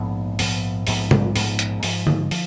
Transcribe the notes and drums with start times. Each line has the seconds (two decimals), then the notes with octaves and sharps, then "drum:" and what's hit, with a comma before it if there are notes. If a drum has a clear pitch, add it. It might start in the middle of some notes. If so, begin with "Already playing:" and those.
Already playing: A#1 G#2 F3 B3
0.39 A#1 G#2 F3 B3, drum: open hi-hat
0.87 A#1 G#2 F3 B3, drum: open hi-hat
1.11 drum: tom
1.36 A#1 G#2 F3 B3, drum: open hi-hat
1.59 drum: hi-hat
1.83 G#2 F3 G#3, drum: open hi-hat
2.07 drum: tom
2.31 F3, drum: open hi-hat